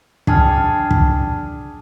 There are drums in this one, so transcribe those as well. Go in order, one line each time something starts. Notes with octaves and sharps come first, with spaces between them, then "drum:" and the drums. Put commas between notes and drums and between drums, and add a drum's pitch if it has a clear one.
D4 G#4 G5 A5 F6, drum: kick
drum: kick